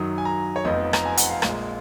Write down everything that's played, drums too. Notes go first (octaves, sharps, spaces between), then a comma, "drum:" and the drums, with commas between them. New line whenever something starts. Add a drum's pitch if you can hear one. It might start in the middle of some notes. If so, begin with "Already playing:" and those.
Already playing: F#2 D#3 F#3 D#6
G#5
A#5
C#5
F1 F2 F3 B3 D#4 D#5
A#5, drum: rim click
G#5
F#5, drum: hi-hat
F5
A#1 A#2 G#3 D#5, drum: rim click